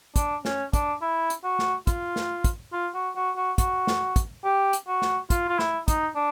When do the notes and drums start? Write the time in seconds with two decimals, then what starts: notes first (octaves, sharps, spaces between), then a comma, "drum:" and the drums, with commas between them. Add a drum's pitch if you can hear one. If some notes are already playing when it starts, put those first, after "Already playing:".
0.16 D4, drum: kick, hi-hat
0.45 C#4, drum: snare
0.73 D4, drum: kick, hi-hat
1.01 E4
1.30 drum: hi-hat
1.44 F#4
1.59 drum: snare
1.87 F4, drum: kick, hi-hat
2.16 drum: snare
2.44 drum: kick, hi-hat
2.73 F4
2.95 F#4
3.16 F#4
3.37 F#4
3.58 F#4, drum: kick, hi-hat
3.87 drum: snare
4.16 drum: kick, hi-hat
4.44 G4
4.73 drum: hi-hat
4.87 F#4
5.02 drum: snare
5.30 F4, drum: kick, hi-hat
5.49 F4
5.59 E4, drum: snare
5.88 D#4, drum: kick, hi-hat
6.15 D4